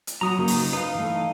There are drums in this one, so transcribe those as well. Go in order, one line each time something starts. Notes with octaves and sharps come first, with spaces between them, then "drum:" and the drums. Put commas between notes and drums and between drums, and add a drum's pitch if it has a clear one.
drum: hi-hat
F#3 F#4 A#5 D#6
C#3 A#3 D#4
drum: open hi-hat
D#4 B4 F5
E3 A3